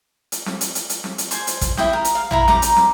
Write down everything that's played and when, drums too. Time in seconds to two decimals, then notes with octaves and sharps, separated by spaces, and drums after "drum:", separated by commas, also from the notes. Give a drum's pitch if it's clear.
0.32 drum: hi-hat
0.46 drum: snare
0.61 drum: hi-hat
0.75 drum: hi-hat
0.89 drum: hi-hat
1.04 drum: snare
1.18 drum: hi-hat
1.31 C5 G#5, drum: hi-hat
1.47 drum: hi-hat
1.61 drum: kick, hi-hat
1.77 E4 D#5 G5, drum: snare
1.93 A#4
2.05 drum: hi-hat
2.15 F5
2.31 E4 A#5 B5, drum: tom
2.48 D#4 A#5 D6, drum: snare
2.62 drum: hi-hat
2.76 drum: snare